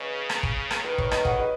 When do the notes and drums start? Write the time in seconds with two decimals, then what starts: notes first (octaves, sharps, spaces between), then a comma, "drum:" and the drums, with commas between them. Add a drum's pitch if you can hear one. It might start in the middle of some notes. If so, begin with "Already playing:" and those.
Already playing: C#3 B4 C#5 D#5
0.30 drum: rim click
0.43 drum: kick
0.71 drum: rim click
0.84 D#3 B4
0.98 C#5, drum: kick
1.11 B4 D#5, drum: rim click
1.25 C#5 F#5, drum: kick
1.39 B4 D#5